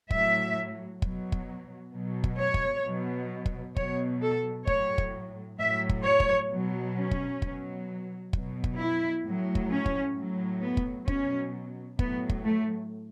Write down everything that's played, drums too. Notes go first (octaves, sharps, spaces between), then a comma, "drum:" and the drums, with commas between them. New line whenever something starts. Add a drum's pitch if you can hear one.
A2 F#3 E5, drum: kick
B2 F#3, drum: kick
drum: kick
B2 F#3
drum: kick
C#5
drum: kick
B2 F#3
drum: kick
B2 F#3 C#5, drum: kick
A4
A2 F#3 C#5, drum: kick
drum: kick
A2 F#3 E5
drum: kick
C#5
drum: kick
B2 F#3
C#4
drum: kick
B2 F#3, drum: kick
B2 F#3, drum: kick
drum: kick
E4
A2 F#3
drum: kick
C#4
drum: kick
A2 F#3
B3
drum: kick
B2 F#3 C#4, drum: kick
A2 F#3 B3, drum: kick
drum: kick
A3